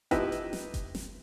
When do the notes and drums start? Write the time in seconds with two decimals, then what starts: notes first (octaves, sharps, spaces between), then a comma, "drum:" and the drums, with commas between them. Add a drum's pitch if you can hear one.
0.11 F3 D#4 E4 G4 B4, drum: kick F#1, hi-hat
0.32 drum: hi-hat
0.53 drum: snare
0.74 drum: kick F#1, hi-hat
0.95 drum: snare